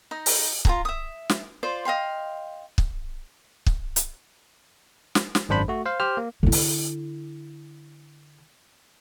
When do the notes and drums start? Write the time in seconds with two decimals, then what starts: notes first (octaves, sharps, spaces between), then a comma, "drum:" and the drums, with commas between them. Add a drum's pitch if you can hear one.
0.11 D#4 D#5
0.26 drum: open hi-hat
0.65 F4 G#4 A#5, drum: kick
0.85 E5 D#6
1.29 drum: snare
1.63 F4 C5 D5
1.85 D#5 F5 G5 C6
2.78 drum: kick
3.66 drum: kick
3.96 drum: hi-hat
5.15 drum: snare
5.35 drum: snare
5.49 G#1 F#2 D4 C5 B5
5.68 A3 F#4
5.85 C5 F5
6.00 G4 C5 F6
6.17 A#3
6.43 D3 E4
6.52 drum: open hi-hat